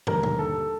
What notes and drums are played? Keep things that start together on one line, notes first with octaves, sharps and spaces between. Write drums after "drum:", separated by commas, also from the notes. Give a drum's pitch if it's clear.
D#2 D3 G3 A#4, drum: tom
drum: tom
A4